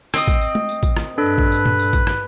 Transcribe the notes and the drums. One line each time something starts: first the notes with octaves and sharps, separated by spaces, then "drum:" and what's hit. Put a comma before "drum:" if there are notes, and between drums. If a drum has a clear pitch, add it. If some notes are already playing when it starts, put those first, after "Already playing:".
C4 D#5 D#6, drum: rim click
drum: kick A1, tambourine
drum: tambourine
drum: tom
drum: tambourine
drum: kick A1, tambourine
drum: rim click
G2 D4 A4 B4
drum: kick A1
drum: tambourine
drum: tom
drum: tambourine
drum: kick A1, tambourine
drum: rim click